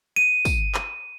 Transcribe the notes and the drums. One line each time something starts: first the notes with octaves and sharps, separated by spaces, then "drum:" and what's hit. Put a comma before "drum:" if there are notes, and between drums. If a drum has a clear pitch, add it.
D#7
drum: kick, tambourine
drum: clap